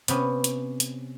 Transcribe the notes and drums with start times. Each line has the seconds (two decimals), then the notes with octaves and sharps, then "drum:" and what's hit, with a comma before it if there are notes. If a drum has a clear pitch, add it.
0.08 C3 B3 C#4, drum: hi-hat
0.44 drum: hi-hat
0.80 drum: hi-hat